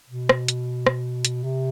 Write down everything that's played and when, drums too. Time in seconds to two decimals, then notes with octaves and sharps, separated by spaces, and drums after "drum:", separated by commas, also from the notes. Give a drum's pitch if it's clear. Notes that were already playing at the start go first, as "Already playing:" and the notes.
0.10 B2
0.29 drum: rim click
0.48 drum: hi-hat
0.86 drum: rim click
1.25 drum: hi-hat
1.44 C3